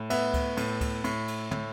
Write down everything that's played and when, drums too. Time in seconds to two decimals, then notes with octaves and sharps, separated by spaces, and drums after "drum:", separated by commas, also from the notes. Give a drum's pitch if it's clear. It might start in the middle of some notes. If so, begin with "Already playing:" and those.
Already playing: A2
0.10 B3 E5, drum: cymbal
0.34 drum: kick C#2, cymbal
0.57 A2, drum: cymbal
0.81 drum: kick C#2, cymbal
1.04 A2, drum: cymbal
1.28 drum: cymbal
1.51 A2, drum: tom